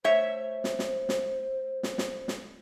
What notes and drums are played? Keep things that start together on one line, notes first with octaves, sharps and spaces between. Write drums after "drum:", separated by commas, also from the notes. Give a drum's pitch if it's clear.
A3 C5 C#5 E5
drum: snare
drum: snare
drum: snare
drum: snare
drum: snare
drum: snare